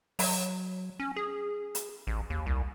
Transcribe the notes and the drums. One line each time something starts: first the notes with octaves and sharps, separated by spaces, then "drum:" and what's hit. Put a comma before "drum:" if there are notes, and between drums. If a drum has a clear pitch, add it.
F#3, drum: open hi-hat
C#4
G#4
drum: hi-hat
A1
D#2
C2